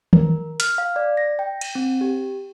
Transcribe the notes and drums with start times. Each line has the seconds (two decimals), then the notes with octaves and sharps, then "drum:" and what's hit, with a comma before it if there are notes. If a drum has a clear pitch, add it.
0.13 A#4, drum: tom D#3
0.60 F6, drum: hi-hat
0.78 F5
0.96 D5
1.17 A#6
1.39 G5
1.61 drum: cymbal
1.75 C4
2.01 G4